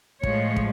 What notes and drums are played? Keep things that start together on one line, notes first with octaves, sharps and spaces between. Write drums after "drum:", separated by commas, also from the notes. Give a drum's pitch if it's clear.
A2 F3 G#3 C#5, drum: kick
drum: kick